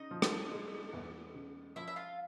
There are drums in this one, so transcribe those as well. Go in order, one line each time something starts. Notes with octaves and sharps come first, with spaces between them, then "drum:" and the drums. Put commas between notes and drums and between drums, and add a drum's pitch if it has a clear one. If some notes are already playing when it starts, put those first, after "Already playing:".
Already playing: C#3 D#4 D#5
F3
drum: rim click
G#3
E2
C#3
F3 E4 E5
E5
F4 F5